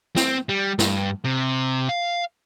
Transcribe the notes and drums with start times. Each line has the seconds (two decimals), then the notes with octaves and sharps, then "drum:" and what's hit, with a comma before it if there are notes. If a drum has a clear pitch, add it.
0.16 C4, drum: snare
0.49 G3
0.79 G2, drum: snare
1.24 C3
1.89 F5